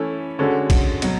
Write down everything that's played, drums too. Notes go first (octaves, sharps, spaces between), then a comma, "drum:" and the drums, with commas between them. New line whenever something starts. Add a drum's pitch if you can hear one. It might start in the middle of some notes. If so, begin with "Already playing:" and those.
Already playing: E3 A3 C#4 E4 A4
D3 G#3 C#4 F#4 A4
drum: kick, cymbal
B2 F#3, drum: cymbal